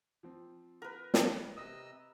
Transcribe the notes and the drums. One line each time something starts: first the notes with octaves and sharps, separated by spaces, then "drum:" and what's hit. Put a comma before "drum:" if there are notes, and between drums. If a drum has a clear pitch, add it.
F3 C4
A#4 B4
drum: snare
C3 D#5 D#6 E6 A#6